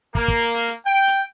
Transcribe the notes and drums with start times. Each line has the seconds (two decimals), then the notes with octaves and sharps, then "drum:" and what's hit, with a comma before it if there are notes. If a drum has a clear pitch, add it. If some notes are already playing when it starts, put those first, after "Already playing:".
0.15 A#3, drum: kick, hi-hat
0.28 drum: kick, hi-hat
0.41 drum: hi-hat
0.55 drum: hi-hat
0.68 drum: hi-hat
0.86 G5
1.08 drum: hi-hat